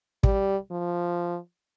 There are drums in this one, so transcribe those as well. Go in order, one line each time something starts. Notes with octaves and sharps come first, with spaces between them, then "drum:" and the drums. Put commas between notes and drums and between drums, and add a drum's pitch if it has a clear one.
G3, drum: kick
F3